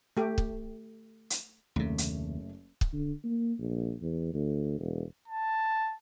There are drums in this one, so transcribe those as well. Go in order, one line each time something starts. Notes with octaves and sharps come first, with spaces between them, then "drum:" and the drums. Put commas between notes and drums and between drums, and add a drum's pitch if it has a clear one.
A3 G4
drum: kick
drum: hi-hat
F#1 D#2 C3 A3
drum: hi-hat
drum: kick
D3
A#3
A#1
E2
D2
E1
A5